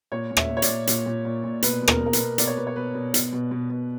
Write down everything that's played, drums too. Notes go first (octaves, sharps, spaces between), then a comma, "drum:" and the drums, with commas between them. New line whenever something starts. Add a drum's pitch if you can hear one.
A#2 C#5
A#2
E5, drum: rim click
A#2
C#5
D5, drum: hi-hat
A#2
A#2, drum: hi-hat
A#2
A#2
A#2
B2 B4, drum: hi-hat
B2
A#4, drum: rim click
B2
A#4
B4, drum: hi-hat
B2
B2 D5, drum: hi-hat
C#5
B2 B4
C#5
B2 B4
B2
B2, drum: hi-hat
B2
B2
B2